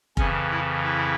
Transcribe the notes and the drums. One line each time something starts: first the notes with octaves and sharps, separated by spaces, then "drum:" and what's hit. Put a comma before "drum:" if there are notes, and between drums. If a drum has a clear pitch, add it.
F2 C#3 E3 C#4, drum: kick F1
E4
E4